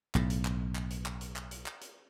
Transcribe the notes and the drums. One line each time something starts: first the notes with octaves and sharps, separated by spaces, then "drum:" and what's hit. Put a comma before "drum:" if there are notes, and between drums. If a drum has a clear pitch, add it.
B1 A2, drum: clap
drum: hi-hat
drum: clap
drum: clap
drum: hi-hat
drum: clap
drum: hi-hat
drum: clap
drum: hi-hat
drum: clap
drum: hi-hat